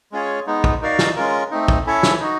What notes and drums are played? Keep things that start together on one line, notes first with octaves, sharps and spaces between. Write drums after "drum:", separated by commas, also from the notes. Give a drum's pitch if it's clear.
G#3 C#4 F4 G#4 C#5
G#3 B3 D#4
drum: kick
D#4 F#4 A#4 D5 F5
drum: snare
G#3 C#4 F4 A#4
A3 C4 D#4
drum: kick
C#4 E4 A4 C#5
drum: snare
D#4 F#4